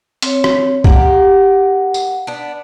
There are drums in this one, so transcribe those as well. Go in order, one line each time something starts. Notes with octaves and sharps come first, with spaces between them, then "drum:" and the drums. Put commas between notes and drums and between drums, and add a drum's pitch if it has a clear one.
C4 C#5, drum: hi-hat
drum: rim click
A#3 G4 F#5, drum: kick
drum: tambourine
B3 D4